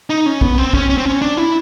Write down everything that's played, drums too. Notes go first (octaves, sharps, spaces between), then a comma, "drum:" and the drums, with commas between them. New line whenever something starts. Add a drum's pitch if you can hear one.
D#4
C#4
B3, drum: kick
C4
C#4, drum: kick
C#4
C4
C#4
D4
E4